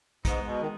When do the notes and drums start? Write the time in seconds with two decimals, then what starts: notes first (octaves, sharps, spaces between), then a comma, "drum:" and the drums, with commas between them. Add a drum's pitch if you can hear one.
0.25 G#2 G#3 B3 D#4, drum: kick, hi-hat
0.47 B2
0.61 D#3